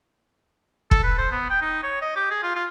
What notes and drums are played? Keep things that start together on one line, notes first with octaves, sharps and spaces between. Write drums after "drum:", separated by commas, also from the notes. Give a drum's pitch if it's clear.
A4, drum: kick
B4
C5
B3
G5
D#4
C#5
D#5
G4
G#4
F4
F4